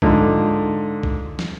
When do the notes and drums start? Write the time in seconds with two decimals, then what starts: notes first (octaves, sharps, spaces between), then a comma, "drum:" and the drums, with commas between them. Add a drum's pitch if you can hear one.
0.02 G#2 D3 F4, drum: kick B1
1.03 drum: kick B1
1.39 drum: snare